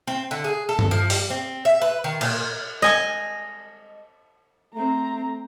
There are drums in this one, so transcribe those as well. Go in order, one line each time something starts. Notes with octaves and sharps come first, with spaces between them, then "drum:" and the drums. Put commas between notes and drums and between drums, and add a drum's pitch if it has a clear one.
C4
D3
G#4
A4
drum: tom G2
F3
G3, drum: open hi-hat
C4
E5
B4
D#3
A#2, drum: cymbal
D#5 G#5
A3 C4 A#5